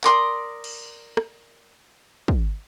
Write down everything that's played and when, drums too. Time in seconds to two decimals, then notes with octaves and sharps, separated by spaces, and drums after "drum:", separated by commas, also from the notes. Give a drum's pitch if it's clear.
0.04 A#4 D5 C6 D#6, drum: clap
0.64 drum: cymbal
1.17 drum: rim click
2.28 drum: kick